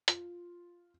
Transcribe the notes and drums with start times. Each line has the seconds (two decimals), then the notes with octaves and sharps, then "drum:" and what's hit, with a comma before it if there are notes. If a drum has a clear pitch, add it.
0.08 F4, drum: hi-hat